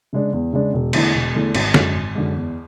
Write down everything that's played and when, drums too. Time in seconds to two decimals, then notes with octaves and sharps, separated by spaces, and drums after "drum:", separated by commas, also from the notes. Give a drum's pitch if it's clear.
0.13 C#3 G#3 D4
0.33 E2
0.53 C#3 G#3 D4
0.74 E1
0.93 E2 D3 A3 E4, drum: cymbal
1.14 E1
1.34 E2 D3 A3 E4
1.55 G#1, drum: cymbal
1.74 F#2 D3 G#3, drum: snare
1.95 G#1
2.15 F#2 D3 G#3
2.36 E2